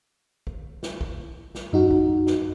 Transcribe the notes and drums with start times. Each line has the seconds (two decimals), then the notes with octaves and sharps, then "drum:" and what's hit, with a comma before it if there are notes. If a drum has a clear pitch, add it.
0.47 drum: kick
0.83 drum: snare
1.01 drum: kick
1.55 drum: snare
1.73 F#2 D#4 F#4
1.91 drum: kick
2.27 drum: snare